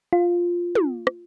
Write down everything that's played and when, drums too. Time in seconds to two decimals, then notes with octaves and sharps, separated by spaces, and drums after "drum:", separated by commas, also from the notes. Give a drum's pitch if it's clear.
0.13 F4
0.75 drum: tom
1.07 drum: rim click